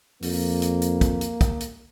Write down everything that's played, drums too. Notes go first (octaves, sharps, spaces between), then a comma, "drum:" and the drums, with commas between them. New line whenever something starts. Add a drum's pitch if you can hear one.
F2 A#3, drum: open hi-hat
drum: hi-hat
drum: hi-hat
drum: kick, hi-hat
drum: hi-hat
drum: kick, hi-hat
drum: hi-hat